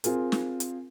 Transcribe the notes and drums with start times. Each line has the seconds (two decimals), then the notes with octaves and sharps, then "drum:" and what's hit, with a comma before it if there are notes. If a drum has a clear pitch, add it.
0.04 C4 F4 G#4 A#4, drum: hi-hat
0.32 drum: snare
0.60 drum: hi-hat